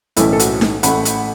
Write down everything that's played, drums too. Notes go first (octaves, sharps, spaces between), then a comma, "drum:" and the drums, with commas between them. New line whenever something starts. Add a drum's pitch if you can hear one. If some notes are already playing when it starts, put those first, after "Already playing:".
B1 A2 E3 C#4 E4 A4, drum: hi-hat
A4
F#4, drum: hi-hat
drum: snare D#4
A1 A2 A3 F#5 B5, drum: hi-hat
drum: hi-hat